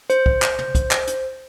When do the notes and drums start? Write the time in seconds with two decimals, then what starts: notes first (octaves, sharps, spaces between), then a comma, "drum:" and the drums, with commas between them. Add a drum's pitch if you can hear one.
0.10 C5, drum: hi-hat
0.26 drum: kick
0.42 drum: clap
0.58 drum: tom
0.75 drum: kick, hi-hat
0.91 drum: clap
1.07 drum: hi-hat